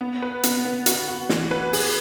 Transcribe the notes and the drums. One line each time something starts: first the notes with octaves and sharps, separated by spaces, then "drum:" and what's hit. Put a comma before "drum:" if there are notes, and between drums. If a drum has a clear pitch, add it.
B3
B4
B3, drum: hi-hat
B3
F#4, drum: hi-hat
F#4
E3, drum: snare
B4
G#4, drum: open hi-hat